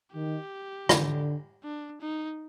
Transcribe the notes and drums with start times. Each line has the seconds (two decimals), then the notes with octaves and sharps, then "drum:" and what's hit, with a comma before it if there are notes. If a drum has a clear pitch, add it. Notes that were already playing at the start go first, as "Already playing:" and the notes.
0.14 D#3 G4
0.89 D3, drum: rim click
1.64 D4
2.01 D#4